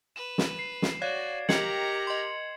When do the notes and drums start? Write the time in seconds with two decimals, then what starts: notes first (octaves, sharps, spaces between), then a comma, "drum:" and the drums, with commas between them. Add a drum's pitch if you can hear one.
0.16 B4 E7
0.38 drum: snare
0.59 C7
0.82 drum: snare
1.02 F#4 C#5 D5 F5 G#6
1.49 G4 A#4 D#5 G5 A#5 G#6 C#7 F#7, drum: snare
2.07 D#5 C6